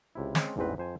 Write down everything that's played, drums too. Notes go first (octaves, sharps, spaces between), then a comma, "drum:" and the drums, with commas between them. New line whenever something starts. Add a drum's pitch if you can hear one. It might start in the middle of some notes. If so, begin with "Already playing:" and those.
C#2 C3 E4
G#3 C4 C#4 C#5 A5, drum: snare
A1 E2 G#2 C4 B4
F2 C5 G#5